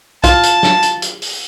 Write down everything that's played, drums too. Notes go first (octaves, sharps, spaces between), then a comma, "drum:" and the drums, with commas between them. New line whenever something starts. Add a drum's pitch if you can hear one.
F4 A5, drum: kick, hi-hat
drum: hi-hat
drum: snare
drum: hi-hat
drum: hi-hat
drum: open hi-hat